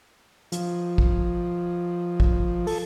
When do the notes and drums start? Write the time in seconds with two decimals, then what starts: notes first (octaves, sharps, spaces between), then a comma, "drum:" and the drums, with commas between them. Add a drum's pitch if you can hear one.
0.52 F3, drum: hi-hat
0.98 drum: kick
2.20 drum: kick
2.67 A4, drum: open hi-hat